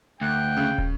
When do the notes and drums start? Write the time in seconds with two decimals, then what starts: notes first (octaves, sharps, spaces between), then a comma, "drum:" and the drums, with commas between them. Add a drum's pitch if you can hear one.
0.21 D2 G5 F#6
0.57 C#3
0.78 drum: kick